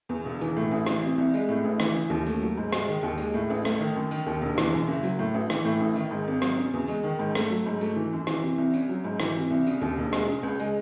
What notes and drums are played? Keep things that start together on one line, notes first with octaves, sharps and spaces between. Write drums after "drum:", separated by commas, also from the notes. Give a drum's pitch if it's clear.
E2
E1
E3, drum: tambourine
A2
A1
E3, drum: rim click
C3
C2
G#3, drum: tambourine
A2
A1
E3, drum: rim click
C#3
D#2
A3, drum: tambourine
F#3
G#2
G#3, drum: rim click
D#3
D#2
G#3, drum: tambourine
A2
A1
A3, drum: rim click
D#3
F#2
D#3, drum: tambourine
D#2
E1
E3, drum: rim click
F#2
F#1
F#3, drum: tambourine
A2
A1
E3, drum: rim click
A2
A1
D#3, drum: tambourine
G#2
G#1
F#3, drum: rim click
C#3
E2
G#3, drum: tambourine
D#3
G#2
A3, drum: rim click
F#3
G#2
A3, drum: tambourine
E3
F#2
E3, drum: rim click
C3
C2
C#4, drum: tambourine
F#3
G#2
E3, drum: rim click
C3
C2
C#3, drum: tambourine
D#2
E1
G#3, drum: rim click
C#3
C#2
G#3, drum: tambourine